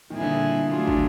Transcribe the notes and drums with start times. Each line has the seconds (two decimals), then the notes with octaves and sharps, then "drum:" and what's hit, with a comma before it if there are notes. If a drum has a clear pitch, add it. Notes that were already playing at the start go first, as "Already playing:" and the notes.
0.10 A#2 D#3 G3 C4 E4 G#4
0.21 D3
0.69 F#3 A3 D4 F4 G#4
0.87 D3, drum: kick